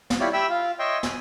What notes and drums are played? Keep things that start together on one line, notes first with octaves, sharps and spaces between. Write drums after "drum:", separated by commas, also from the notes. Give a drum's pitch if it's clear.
drum: snare
E4 F4 G4 C#5 D5
G4 E5 G5 B5 E6
F4 F5
C#5 D#5 E5 G5 C6
G#5, drum: snare